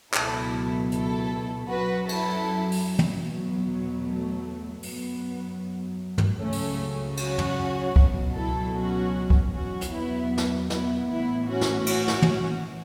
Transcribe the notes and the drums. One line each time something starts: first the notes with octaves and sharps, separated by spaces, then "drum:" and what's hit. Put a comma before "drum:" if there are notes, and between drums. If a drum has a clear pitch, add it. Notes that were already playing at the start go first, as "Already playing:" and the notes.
C#2 B2 F#3 E4 A4, drum: clap
E4 A4, drum: hi-hat
F#2 F#3 F#4 B4
E4 A4, drum: cymbal
drum: open hi-hat
drum: tom
E2 B2 F#3
A3
F#2 F#3 B3, drum: open hi-hat
drum: tom
C#2 C#3 F#3 A3 C#4
drum: open hi-hat
C#4 F#4, drum: cymbal
drum: tom
C#2 B2 F#3, drum: kick
E4 A4
C#4 F#4
drum: kick
E2 B2 F#3 C#4 F#4
drum: hi-hat
B3 E4
drum: snare
B3 E4, drum: snare
A1 A2 E3 B3 E4
C#4 F#4
drum: snare
C#4 F#4, drum: cymbal
drum: snare
drum: tom